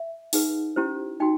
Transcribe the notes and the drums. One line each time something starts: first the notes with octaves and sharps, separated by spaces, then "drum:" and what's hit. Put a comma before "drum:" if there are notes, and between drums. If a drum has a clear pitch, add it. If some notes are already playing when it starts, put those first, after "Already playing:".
Already playing: E5
D#4 G#4 B4 F#5, drum: open hi-hat
C#4 E4 G4 C5
D#4 F#4 G5